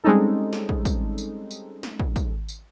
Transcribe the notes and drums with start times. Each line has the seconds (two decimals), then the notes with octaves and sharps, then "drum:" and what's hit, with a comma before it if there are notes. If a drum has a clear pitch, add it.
0.04 G3 G#3 C4 C#4 D#4 A4
0.53 drum: snare
0.69 drum: kick
0.85 drum: kick, tambourine
1.18 drum: tambourine
1.51 drum: tambourine
1.83 drum: snare
2.00 drum: kick
2.16 drum: kick, tambourine
2.48 drum: tambourine